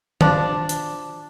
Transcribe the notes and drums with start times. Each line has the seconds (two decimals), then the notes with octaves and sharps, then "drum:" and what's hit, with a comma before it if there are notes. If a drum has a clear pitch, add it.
0.21 F3 D4, drum: tom D#3
0.69 drum: hi-hat